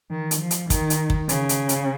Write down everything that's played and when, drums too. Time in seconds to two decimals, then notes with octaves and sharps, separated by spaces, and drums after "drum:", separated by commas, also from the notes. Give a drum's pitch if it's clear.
0.11 D#3
0.31 drum: hi-hat
0.41 F3
0.51 drum: hi-hat
0.70 D#3, drum: kick, hi-hat
0.90 drum: hi-hat
1.10 drum: kick
1.29 C#3, drum: hi-hat
1.49 drum: hi-hat
1.69 drum: hi-hat